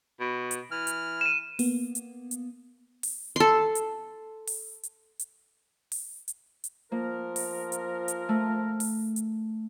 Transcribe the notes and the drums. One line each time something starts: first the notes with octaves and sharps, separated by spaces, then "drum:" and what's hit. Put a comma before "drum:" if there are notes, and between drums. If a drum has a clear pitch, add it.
B2
drum: hi-hat
E3 F6
drum: hi-hat
D#7 E7
A#3 B3, drum: open hi-hat
drum: hi-hat
drum: hi-hat
drum: open hi-hat
A4 C6
drum: hi-hat
drum: open hi-hat
drum: hi-hat
drum: hi-hat
drum: open hi-hat
drum: hi-hat
drum: hi-hat
F3 A#3 A#4
drum: open hi-hat
drum: hi-hat
drum: hi-hat
A3
drum: open hi-hat
drum: hi-hat